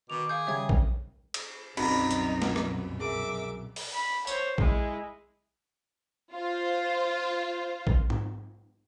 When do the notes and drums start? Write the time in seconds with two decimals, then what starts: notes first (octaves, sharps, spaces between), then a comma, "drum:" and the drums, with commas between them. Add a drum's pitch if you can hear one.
0.10 B2 D#3 D6 F7
0.29 G#4 F5 G6
0.47 C#3 G3 E5 G#6
0.69 drum: kick A#1
1.34 drum: cymbal
1.77 C2 F#2 B2 C4 C#4 D#4 B5, drum: cymbal
2.11 drum: hi-hat
2.42 drum: snare
2.56 drum: rim click
3.00 G#4 A#4 E5 D6
3.76 drum: open hi-hat
3.94 B5
4.27 C5 C#5, drum: tambourine
4.58 G#3 E4, drum: kick A#1
6.33 F4 C5
7.87 drum: kick A#1
8.10 drum: tom G#2